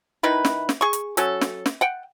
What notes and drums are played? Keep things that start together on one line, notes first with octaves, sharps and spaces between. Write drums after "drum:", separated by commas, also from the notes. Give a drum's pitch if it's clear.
D#3 D#4 E4 B4
drum: snare
drum: snare
G#4 C#6
drum: hi-hat
F#3 C#4 A4, drum: hi-hat
drum: snare
drum: snare
F#5 G5